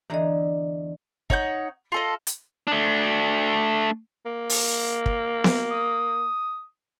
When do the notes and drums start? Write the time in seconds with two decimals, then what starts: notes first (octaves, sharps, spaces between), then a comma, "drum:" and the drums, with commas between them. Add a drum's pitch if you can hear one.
0.10 E2 D3 E3 D#5 A#5
1.30 D#4 C#5 F#5 G6, drum: kick
1.92 F4 A4 D#5
2.27 drum: hi-hat
2.67 A3 D4
4.26 A#3
4.49 drum: open hi-hat
5.06 drum: kick
5.44 drum: snare B3
5.71 D#6